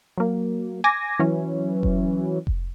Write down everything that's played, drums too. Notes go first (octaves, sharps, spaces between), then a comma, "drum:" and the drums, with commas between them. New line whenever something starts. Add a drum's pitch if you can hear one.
F#3 A#3
G#5 D6 A#6
E3 F#3 C#4
drum: kick F1
drum: kick F1